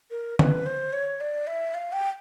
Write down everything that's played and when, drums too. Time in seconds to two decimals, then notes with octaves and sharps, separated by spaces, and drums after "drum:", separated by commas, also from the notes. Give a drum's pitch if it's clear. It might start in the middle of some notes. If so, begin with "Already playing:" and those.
0.11 A#4
0.39 B4, drum: tom D3
0.66 C5
0.93 C#5
1.21 D5
1.47 E5
1.74 F5
1.93 G5